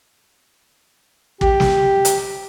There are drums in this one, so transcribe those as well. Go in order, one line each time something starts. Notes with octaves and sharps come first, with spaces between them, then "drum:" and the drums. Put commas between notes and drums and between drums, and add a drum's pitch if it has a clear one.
G4, drum: kick
drum: snare
drum: hi-hat